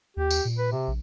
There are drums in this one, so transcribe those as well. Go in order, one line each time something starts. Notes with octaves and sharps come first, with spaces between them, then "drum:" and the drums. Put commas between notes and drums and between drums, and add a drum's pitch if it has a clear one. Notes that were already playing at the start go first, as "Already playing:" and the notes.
D#2 G4
drum: tambourine
A#2
B4
C3
A#1